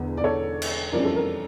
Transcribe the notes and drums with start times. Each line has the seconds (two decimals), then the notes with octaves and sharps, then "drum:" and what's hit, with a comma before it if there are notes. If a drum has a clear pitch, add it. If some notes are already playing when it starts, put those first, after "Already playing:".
Already playing: E1 E2 D3
0.17 D5
0.24 A4 C#5
0.62 drum: cymbal
0.93 F2 E3 G3 C#4 A#4 D5
1.05 A4
1.16 A#4